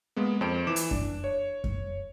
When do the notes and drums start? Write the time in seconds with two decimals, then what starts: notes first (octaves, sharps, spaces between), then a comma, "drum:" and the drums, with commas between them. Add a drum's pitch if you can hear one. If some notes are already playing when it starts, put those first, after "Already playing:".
0.16 G#3 A#3 B3
0.41 F2 C5 D7
0.67 E3 D6 E7
0.76 drum: hi-hat
0.91 D4, drum: kick F#2
1.24 C#5
1.64 drum: kick F#2